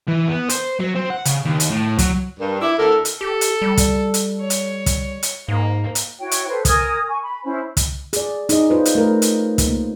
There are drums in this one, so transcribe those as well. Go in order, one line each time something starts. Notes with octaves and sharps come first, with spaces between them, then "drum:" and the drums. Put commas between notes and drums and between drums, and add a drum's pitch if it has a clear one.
E3
B3
C5, drum: hi-hat
F#3
C4
F#5
C#3, drum: hi-hat
D#2
drum: hi-hat
A2
F#3, drum: kick, hi-hat
G2 A#4
E4 D6
D2 E4 A4 A#4
drum: hi-hat
G4 A4
drum: hi-hat
G3
drum: kick, hi-hat
drum: hi-hat
C#5
drum: hi-hat
drum: kick, hi-hat
drum: hi-hat
G#2 A#3
drum: hi-hat
E4 F#4 C#5 G5
drum: hi-hat
A4 B4 C5
A#4 G#5 D#6 G#6, drum: kick, hi-hat
G#5 C#6
B5
C#4 E4 C5
drum: kick, hi-hat
G#4 D5, drum: hi-hat
D#4 G#4 D#5, drum: hi-hat
F4 B4 C5
drum: hi-hat
A3 A#4
drum: hi-hat
drum: kick, hi-hat
A#3